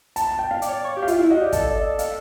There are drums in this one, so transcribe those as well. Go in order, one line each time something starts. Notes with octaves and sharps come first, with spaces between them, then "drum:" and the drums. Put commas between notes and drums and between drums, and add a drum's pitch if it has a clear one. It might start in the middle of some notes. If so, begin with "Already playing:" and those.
A5, drum: hi-hat
A5
G5
F5
D5, drum: hi-hat
C#5
D5
C#5
G4
F5
F4 E5, drum: hi-hat
E4 F5
F#4 D#5
G4 D5
A4, drum: kick, hi-hat
D5
D#5
F5, drum: hi-hat